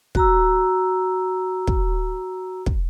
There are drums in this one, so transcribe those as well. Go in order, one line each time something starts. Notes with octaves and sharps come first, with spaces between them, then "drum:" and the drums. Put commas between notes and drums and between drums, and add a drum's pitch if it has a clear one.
F#4 A#5 E6, drum: kick
drum: kick
drum: kick